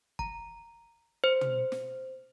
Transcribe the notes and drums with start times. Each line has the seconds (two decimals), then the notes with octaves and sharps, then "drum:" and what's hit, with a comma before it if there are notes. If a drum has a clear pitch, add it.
0.19 A#5, drum: kick
1.24 C5
1.41 drum: tom
1.72 drum: snare